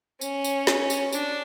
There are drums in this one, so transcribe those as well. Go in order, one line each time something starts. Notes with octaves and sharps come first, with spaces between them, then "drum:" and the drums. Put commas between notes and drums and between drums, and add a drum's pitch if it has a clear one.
C#4, drum: tambourine
drum: tambourine
drum: snare
drum: tambourine
D4, drum: tambourine